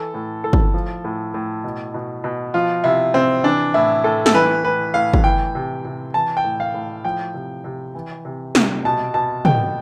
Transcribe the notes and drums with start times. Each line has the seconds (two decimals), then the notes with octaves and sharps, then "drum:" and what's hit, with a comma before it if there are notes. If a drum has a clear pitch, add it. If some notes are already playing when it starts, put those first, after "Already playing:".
Already playing: E3 A4
0.14 A2
0.44 A2 A4
0.53 drum: kick
0.74 F3
1.04 A2
1.34 A2
1.64 B2
1.94 B2
2.24 B2
2.54 F3 F4
2.84 C3 E4
3.14 C3 C4
3.44 E3 D4
3.74 A2 E4
4.04 A2 A4
4.26 A4, drum: snare
4.35 E3 B4
4.64 A2 B4
4.94 A2 F5
5.13 drum: kick
5.24 E3 G5
5.55 C3
5.85 C3
6.14 E3 A5
6.37 G5
6.44 A2
6.60 F5
6.74 A2
7.05 F3 G5
7.34 C3
7.64 C3
7.95 E3
8.25 C3
8.55 C3, drum: snare
8.85 B2 A5
9.14 B2 A5
9.45 B2 G5, drum: tom